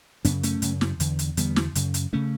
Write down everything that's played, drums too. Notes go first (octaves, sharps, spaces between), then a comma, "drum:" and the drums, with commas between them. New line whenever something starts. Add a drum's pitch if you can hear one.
F#2 C#3 B3 D4, drum: hi-hat
A3 C#4, drum: hi-hat
F#2 C#3, drum: hi-hat
drum: snare
E2 D3, drum: hi-hat
drum: hi-hat
E2 D3 G3 B3, drum: hi-hat
drum: snare
F#2 C#3, drum: hi-hat
drum: hi-hat
C#3 A3 C#4